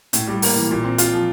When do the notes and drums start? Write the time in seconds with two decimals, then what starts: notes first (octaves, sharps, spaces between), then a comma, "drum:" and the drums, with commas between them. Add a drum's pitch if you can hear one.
0.13 A2, drum: hi-hat
0.27 G3
0.42 A#3, drum: open hi-hat
0.56 E3
0.71 A#2
0.84 C4
0.98 F4, drum: hi-hat
1.13 F3